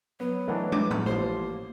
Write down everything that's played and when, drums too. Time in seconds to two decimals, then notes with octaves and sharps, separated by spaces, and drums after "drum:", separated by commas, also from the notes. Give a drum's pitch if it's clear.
0.20 F#3 B3
0.48 D#3 E3 A3 D4 A#4 F#5
0.72 D6, drum: tom
0.91 drum: tom
1.06 A1 F3 A#3 C5